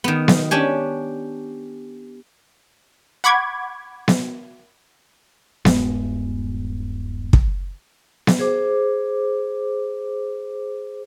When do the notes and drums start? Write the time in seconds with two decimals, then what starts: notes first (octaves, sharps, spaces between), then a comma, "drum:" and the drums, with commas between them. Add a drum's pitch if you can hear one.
0.04 D#3 B3
0.28 drum: snare B3
0.51 C#4 D4 G4 G#5
3.24 F#5 B5 C#6 D6 G#6
4.08 drum: snare B3
5.65 D#1 G2 G#3 B3, drum: snare B3
7.33 drum: kick
8.27 drum: snare B3
8.39 G#4 C5 D6